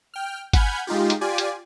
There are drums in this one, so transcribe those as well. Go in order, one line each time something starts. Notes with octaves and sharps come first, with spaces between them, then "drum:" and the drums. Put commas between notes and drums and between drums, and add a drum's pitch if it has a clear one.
G5 F6
F#5 G#5 B5 F6 G6 G#6, drum: kick, hi-hat
G#3 D#4 F4 G4
drum: hi-hat
F4 G4 D5 G#5
drum: hi-hat